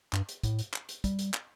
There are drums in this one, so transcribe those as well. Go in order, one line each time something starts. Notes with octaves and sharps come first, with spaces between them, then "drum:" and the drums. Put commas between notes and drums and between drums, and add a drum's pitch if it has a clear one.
G2, drum: clap
drum: hi-hat
A2, drum: kick, hi-hat
drum: hi-hat
drum: clap
drum: hi-hat
G3, drum: kick, hi-hat
drum: hi-hat
drum: clap